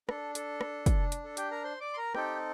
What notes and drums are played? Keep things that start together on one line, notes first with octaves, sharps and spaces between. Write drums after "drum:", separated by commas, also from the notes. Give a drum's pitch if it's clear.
D4 A4, drum: rim click
A4, drum: hi-hat
drum: rim click
drum: kick, hi-hat
drum: hi-hat
A4
G4 G5, drum: hi-hat
A#4 A#5
C5 C6
D5 D6
C6
A#4 A#5
C4 D#4 G4 A4 G5, drum: rim click